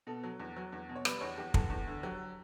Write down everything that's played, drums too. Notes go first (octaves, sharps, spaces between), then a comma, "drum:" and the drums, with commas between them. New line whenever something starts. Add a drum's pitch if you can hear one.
B2 A4
F#3
E2
F#3
E2
B2
C#5
G3 B4, drum: rim click
E2 C#5
E2 G4
E2 A4, drum: kick
E2
D3
F#3 G4